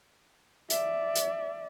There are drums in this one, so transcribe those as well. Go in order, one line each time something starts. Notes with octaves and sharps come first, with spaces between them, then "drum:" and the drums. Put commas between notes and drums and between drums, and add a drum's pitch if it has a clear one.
D5 E5, drum: hi-hat
drum: hi-hat